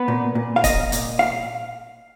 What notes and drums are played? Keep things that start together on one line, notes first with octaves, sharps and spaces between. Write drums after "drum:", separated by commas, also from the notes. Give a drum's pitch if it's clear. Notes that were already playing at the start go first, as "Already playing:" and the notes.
Already playing: B3 B4
A#2
A#2
F5
A#2 D#5, drum: kick, hi-hat
A#2, drum: hi-hat
F5